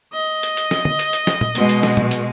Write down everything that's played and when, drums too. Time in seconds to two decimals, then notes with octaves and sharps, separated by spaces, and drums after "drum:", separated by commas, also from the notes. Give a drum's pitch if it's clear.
0.13 D#5
0.43 drum: hi-hat
0.57 drum: hi-hat
0.71 drum: snare
0.85 drum: tom
0.99 drum: hi-hat
1.13 drum: hi-hat
1.27 drum: snare
1.41 drum: tom
1.55 B2 G#3, drum: hi-hat
1.69 drum: hi-hat
1.83 drum: snare
1.97 drum: tom
2.11 drum: hi-hat